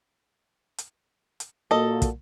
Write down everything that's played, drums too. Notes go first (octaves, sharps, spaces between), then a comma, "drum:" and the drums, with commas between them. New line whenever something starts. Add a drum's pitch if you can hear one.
drum: hi-hat
drum: hi-hat
A#2 A#3 F#4 A4 D#5
drum: kick, hi-hat